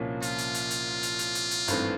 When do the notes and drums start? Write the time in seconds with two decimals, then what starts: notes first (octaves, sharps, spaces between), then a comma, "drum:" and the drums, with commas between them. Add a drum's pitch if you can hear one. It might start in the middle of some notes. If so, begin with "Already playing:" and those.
Already playing: C2 A#2 F3 A#3 C#4
0.22 F4, drum: hi-hat
0.38 drum: hi-hat
0.54 drum: hi-hat
0.71 drum: hi-hat
1.03 drum: hi-hat
1.19 drum: hi-hat
1.35 drum: hi-hat
1.51 drum: hi-hat
1.68 G#1 G2 E3 A3 C4, drum: hi-hat